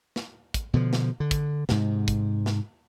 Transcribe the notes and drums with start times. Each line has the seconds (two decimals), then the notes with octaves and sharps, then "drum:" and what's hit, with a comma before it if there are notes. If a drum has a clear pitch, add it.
0.16 drum: snare
0.54 drum: kick, hi-hat
0.74 B2 D3 F3
0.93 drum: snare
1.20 D3
1.31 drum: kick, hi-hat
1.69 G#2 C3, drum: snare
2.08 drum: kick, hi-hat
2.46 drum: snare